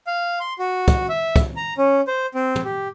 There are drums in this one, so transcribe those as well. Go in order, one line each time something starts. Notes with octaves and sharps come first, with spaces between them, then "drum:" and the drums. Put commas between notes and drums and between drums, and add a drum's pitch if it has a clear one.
F5
C6
F#4
drum: kick, hi-hat
E5
drum: kick, hi-hat
A#5
C#4
C5
C4
drum: tom
G4